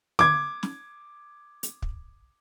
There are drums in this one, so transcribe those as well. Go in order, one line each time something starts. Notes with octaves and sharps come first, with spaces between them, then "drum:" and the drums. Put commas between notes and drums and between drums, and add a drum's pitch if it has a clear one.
D6 G#6, drum: tom D3
drum: snare
drum: hi-hat
drum: kick